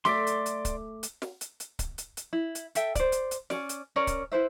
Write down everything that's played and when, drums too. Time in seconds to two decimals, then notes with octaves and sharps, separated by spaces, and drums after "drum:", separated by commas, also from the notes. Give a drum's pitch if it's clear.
0.05 A3 D5 C6 D6 B6, drum: snare
0.27 drum: hi-hat
0.46 drum: hi-hat
0.65 drum: kick C#1, hi-hat
1.03 drum: hi-hat
1.22 drum: snare
1.41 drum: hi-hat
1.60 drum: hi-hat
1.79 drum: kick C#1, hi-hat
1.98 drum: hi-hat
2.17 drum: hi-hat
2.33 E4
2.55 drum: hi-hat
2.75 A4 E5 G5, drum: hi-hat
2.95 C5 D5, drum: kick C#1, hi-hat
3.12 drum: hi-hat
3.31 drum: hi-hat
3.50 C#4 D5, drum: snare
3.69 drum: hi-hat
3.96 C#4 A#4 C#5 D5
4.07 drum: kick C#1, hi-hat
4.32 E4 B4 C5 E5